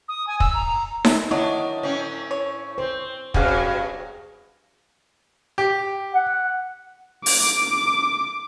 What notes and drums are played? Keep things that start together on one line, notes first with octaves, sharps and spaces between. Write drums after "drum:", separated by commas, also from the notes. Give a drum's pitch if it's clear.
D#6
G#5
E6, drum: kick
A#5
drum: snare D#4
D#3 F#3 D4 E4 C#5 D#5
A2 C4 C#4
C#5
C4 C5
G2 B2 F#3 G3 C#4 G#4 F5 F#5, drum: kick
G4
F#5
D6, drum: open hi-hat